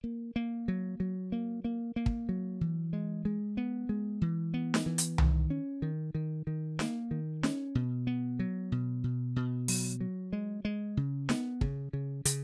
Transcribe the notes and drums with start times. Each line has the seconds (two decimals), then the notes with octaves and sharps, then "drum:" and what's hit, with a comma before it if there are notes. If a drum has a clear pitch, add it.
0.04 A#3
0.36 A#3
0.68 F#3
1.00 F#3
1.32 A#3
1.64 A#3
1.96 A#3
2.06 drum: kick
2.29 F#3
2.61 E3
2.93 G#3
3.25 G#3
3.57 B3
3.89 G#3
4.22 E3
4.54 B3
4.74 drum: snare
4.86 E3
4.98 drum: hi-hat
5.18 D#3, drum: tom C2
5.50 C#4
5.82 D#3
6.15 D#3
6.47 D#3
6.79 A#3, drum: snare
7.11 D#3
7.43 C#4, drum: snare
7.75 B2
8.07 B3
8.39 F#3
8.72 B2
9.04 B2
9.36 B2
9.68 F#3, drum: open hi-hat
10.01 F#3
10.33 G#3
10.65 G#3
10.97 C#3
11.29 B3, drum: snare
11.61 C#3, drum: kick
11.93 C#3
12.25 C#3, drum: hi-hat